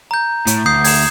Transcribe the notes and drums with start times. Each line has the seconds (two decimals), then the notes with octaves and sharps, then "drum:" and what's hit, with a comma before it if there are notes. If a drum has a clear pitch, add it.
0.11 A#5 G6
0.47 A2, drum: hi-hat
0.66 D2 D#6 G6 C7
0.84 G#6 E7, drum: open hi-hat